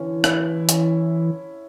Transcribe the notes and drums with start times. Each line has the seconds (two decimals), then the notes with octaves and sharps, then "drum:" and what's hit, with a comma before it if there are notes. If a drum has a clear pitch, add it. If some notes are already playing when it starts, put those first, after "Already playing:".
Already playing: D3 E3 C#4
0.24 E4, drum: rim click
0.69 C#4, drum: hi-hat